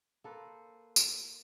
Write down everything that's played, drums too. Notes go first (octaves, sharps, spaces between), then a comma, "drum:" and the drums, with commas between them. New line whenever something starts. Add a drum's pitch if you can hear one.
A#3 A4 B4 C5
drum: tambourine